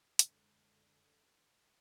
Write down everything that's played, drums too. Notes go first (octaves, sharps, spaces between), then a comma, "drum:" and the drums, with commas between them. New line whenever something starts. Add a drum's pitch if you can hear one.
F#2 D3 G#3, drum: hi-hat